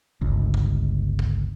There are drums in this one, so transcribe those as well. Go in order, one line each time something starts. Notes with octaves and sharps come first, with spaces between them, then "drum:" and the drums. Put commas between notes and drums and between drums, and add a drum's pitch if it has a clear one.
G1 C#2
drum: kick
drum: kick